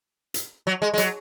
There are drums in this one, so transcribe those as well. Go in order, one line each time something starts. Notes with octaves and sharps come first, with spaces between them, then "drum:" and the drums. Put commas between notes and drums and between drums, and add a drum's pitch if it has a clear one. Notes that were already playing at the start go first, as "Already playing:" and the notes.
drum: hi-hat
F#3
G#3
G#3
F#3, drum: hi-hat